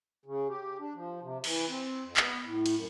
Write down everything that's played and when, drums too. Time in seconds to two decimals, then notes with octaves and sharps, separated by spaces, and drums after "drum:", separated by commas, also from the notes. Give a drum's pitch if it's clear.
0.26 C#3
0.49 G4
0.79 D4
0.95 F3
1.22 C3
1.44 E3, drum: cymbal
1.68 C4
2.04 F2
2.17 B3, drum: clap
2.45 A2
2.66 drum: cymbal
2.75 F#2